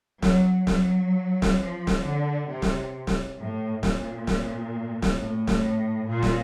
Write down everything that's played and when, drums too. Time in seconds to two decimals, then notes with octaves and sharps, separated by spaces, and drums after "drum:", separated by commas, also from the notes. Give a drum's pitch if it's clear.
0.22 F#3, drum: snare
0.67 F#3, drum: snare
1.42 drum: snare
1.57 F3
1.87 drum: snare
2.02 D3
2.48 C3
2.62 drum: snare
3.07 drum: snare
3.37 A2
3.83 A#2, drum: snare
4.27 drum: snare
5.02 drum: snare
5.17 A2
5.47 drum: snare
6.07 A#2
6.22 drum: snare